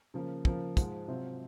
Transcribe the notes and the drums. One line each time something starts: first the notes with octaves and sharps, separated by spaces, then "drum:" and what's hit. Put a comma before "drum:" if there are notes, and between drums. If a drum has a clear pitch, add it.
C#3 F3 A#3
C#3 F3 A#3, drum: kick
G#2 F3 G#3, drum: kick, hi-hat
C3 F#3 C4 F4